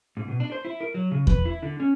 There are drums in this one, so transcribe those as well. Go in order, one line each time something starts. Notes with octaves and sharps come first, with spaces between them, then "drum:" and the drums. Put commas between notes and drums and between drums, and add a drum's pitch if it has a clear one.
G#2
B2
D4
C5
E4
A#4
F#3
C#3
B4, drum: kick E2
E4
D3
C#4